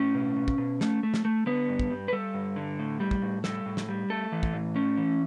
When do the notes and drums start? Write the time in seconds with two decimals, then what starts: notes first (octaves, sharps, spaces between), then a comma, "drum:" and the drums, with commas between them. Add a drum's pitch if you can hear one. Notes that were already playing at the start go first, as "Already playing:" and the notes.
Already playing: A2 C#4
0.15 B2
0.37 B2
0.48 drum: kick
0.58 B2
0.81 A3, drum: snare
1.03 A3
1.14 drum: snare
1.25 A3
1.46 D3 B3
1.69 G2
1.80 drum: kick
1.90 G3
2.08 B4
2.13 G3 A4
2.34 G2
2.56 D3
2.79 A2
3.00 G3
3.11 drum: kick
3.22 A2
3.44 G3 A4, drum: snare
3.66 A2
3.77 drum: snare
3.89 G3
4.10 A3 A4
4.32 E3
4.43 drum: kick
4.53 A2
4.75 A3 C#4
4.98 E3